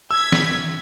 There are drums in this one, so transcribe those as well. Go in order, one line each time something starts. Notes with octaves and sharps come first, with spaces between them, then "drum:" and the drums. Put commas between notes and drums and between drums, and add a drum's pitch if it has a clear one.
E6 G#6 B6
drum: snare